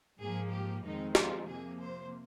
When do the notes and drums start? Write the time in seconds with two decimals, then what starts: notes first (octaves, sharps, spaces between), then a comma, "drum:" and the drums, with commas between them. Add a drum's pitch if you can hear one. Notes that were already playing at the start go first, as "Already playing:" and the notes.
0.19 G#2 F3 A#3 G#4
0.52 G4
0.83 F2 D#3 G#3 C4 D#4
1.15 F4, drum: snare
1.47 C3 F3 A#3 G#4
1.80 C5